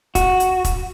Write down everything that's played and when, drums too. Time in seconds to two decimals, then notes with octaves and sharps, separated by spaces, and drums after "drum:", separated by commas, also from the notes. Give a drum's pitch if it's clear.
0.15 F#4, drum: kick E1, hi-hat
0.40 drum: hi-hat
0.65 drum: kick E1, hi-hat